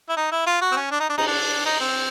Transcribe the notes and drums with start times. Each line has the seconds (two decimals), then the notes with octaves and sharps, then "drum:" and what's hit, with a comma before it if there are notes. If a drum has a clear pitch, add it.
0.09 E4
0.17 D#4
0.32 E4
0.46 F4
0.62 F#4
0.72 C4
0.76 C#4
0.91 D4
1.00 D#4
1.09 D4
1.18 D#4, drum: cymbal
1.27 D4
1.65 D#4
1.80 C4